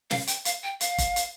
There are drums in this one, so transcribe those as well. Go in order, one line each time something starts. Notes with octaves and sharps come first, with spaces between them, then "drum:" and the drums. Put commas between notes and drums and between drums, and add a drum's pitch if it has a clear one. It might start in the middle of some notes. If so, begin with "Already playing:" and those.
F5, drum: snare
G5, drum: hi-hat
F5, drum: hi-hat
G5
F5, drum: hi-hat
drum: kick, hi-hat
drum: hi-hat